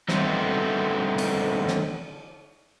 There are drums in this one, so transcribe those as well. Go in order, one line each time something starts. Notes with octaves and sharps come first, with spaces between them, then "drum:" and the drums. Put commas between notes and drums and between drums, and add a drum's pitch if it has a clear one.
D3 G3 A3 B3 C4 D#4, drum: snare
drum: cymbal
drum: snare